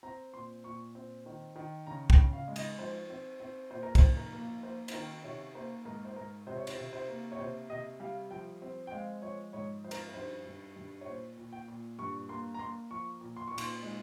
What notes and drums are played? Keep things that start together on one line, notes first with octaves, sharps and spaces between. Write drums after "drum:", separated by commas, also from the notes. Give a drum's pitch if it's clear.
C4 A#5
A#2 C6
A#2 C#6
C4
D#3
D#3
C#3 A#5
G5, drum: kick
C#3
F5
G#3
D#5, drum: cymbal
F3 C5
C4
C4
A#2 C5
A#4
C5, drum: kick, cymbal
F3
A#4
A#3
A#3 C5
C5, drum: cymbal
D#3 A#4
C3 C#5
A#3 C5
G#2 A#4
C5
G#2 A#4
C3 C5
C#5
C5, drum: cymbal
C3
C5
A#3
C#5
C3 C5
C3 D#5
G3 F5
F3 G5
C4
G5
G#3 F5
F3 C#5
G#2 C#5
F3 C5
A#4, drum: cymbal
A#4
G2 C5
G2
G2
C#5
A#2 C5
A#2
G5
A#2
G2 C#6
A#3 C6
A#5
A#3 C6
F3 C#6
A#2
C6
A#2 C#6
C6, drum: cymbal
G#3